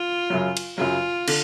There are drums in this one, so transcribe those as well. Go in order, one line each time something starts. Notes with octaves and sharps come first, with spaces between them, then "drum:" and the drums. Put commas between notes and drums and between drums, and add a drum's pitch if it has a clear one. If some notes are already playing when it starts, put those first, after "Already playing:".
Already playing: F4
F#2 C#3 F#3
drum: cymbal
F#2 C#3 F#3 F4
D3, drum: cymbal